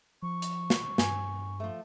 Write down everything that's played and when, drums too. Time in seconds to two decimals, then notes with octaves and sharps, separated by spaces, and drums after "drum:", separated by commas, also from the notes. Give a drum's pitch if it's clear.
0.22 F3 C#6
0.42 drum: hi-hat
0.70 drum: snare
0.98 G2 G#5, drum: snare
1.60 F3 A3